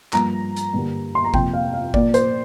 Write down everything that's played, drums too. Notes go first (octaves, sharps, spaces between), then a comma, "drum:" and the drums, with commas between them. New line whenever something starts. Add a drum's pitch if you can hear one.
G2 F3 A#3 A#5, drum: clap
drum: hi-hat
G2 D3 G3 A#3
C6
A#5
F2 C3 A#3 G5, drum: kick G1
F5
F5
A#2 A#3 D5, drum: kick G1
C5, drum: hi-hat